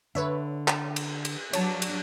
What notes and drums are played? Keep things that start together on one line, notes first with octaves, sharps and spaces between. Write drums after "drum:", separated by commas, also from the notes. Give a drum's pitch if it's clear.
D3 B4 C#5 E5
drum: clap
drum: cymbal
drum: cymbal
F#3 D4 C#5 A5, drum: cymbal
drum: cymbal